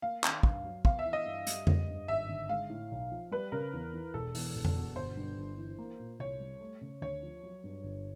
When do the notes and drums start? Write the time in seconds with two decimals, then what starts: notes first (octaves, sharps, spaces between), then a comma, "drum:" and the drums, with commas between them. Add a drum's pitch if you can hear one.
0.02 A#3 F5
0.24 D#3, drum: clap
0.43 G2, drum: kick
0.64 F#3
0.85 B3 F5, drum: kick
0.99 E5
1.06 E3
1.13 D#5
1.26 G2
1.47 G3, drum: hi-hat
1.67 G3, drum: tom F2
1.88 G2
2.08 G#1 E5
2.29 D3
2.49 G#3 F5
2.70 A2
2.91 B1
3.11 F3
3.31 G3 B4
3.52 C#3 A#4
3.73 E2
3.94 E3
4.14 E1 A4
4.35 E2, drum: open hi-hat
4.56 E1
4.65 drum: tom F2
4.76 B2
4.96 G1 C5
5.17 G2
5.38 G1
5.58 E3
5.78 A#3
5.99 A#2
6.19 C2 C#5
6.40 G3
6.61 A3
6.81 C#3
7.02 D2 C#5
7.23 F3
7.43 F#3
7.64 G2
7.84 G1